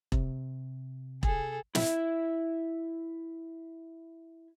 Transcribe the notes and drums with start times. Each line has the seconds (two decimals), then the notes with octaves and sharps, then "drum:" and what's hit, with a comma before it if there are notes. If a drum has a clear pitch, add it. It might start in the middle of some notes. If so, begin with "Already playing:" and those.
0.12 C3, drum: kick E1
1.23 G#4 A4, drum: kick E1
1.75 E4 E5, drum: snare